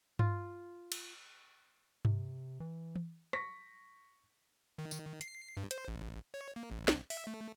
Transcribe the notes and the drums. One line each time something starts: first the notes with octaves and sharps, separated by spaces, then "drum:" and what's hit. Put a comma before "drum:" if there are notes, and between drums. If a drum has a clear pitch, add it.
F4, drum: tom G2
drum: cymbal
C3, drum: tom G2
E3
drum: tom E3
C#6 A#6 B6, drum: rim click
D#3
drum: tambourine
C7, drum: hi-hat
G2
C5, drum: hi-hat
A1
C#5
A#3
A1
C2, drum: snare
E5, drum: open hi-hat
A3